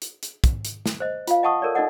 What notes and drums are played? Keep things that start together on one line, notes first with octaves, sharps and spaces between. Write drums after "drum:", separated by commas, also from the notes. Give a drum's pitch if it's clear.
drum: hi-hat
drum: hi-hat
drum: kick, hi-hat
drum: hi-hat
drum: snare
C5 D#5
F4 F5, drum: hi-hat
D#5 F#5 A5 C#6 D#6
A4 A#4 C#5 D5
D#4 A4 D5 D#5 F#5